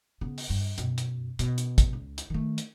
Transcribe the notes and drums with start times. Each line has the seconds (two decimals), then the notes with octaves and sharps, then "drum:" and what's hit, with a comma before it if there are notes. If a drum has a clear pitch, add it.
0.21 C#3 B3
0.38 drum: open hi-hat
0.50 G2
0.78 F#2 B2, drum: hi-hat
0.98 drum: hi-hat
1.39 B2, drum: hi-hat
1.58 drum: hi-hat
1.78 drum: kick, hi-hat
1.93 C#2
2.18 drum: hi-hat
2.30 D#3 A3
2.58 drum: hi-hat